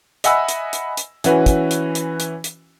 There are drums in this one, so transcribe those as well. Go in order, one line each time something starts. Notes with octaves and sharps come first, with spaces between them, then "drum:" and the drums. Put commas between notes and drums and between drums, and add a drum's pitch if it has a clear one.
D#5 E5 F#5 G#5 B5 E6, drum: hi-hat
drum: hi-hat
drum: hi-hat
drum: hi-hat
E3 C#4 F#4 B4, drum: hi-hat
drum: kick, hi-hat
drum: hi-hat
drum: hi-hat
drum: hi-hat
drum: hi-hat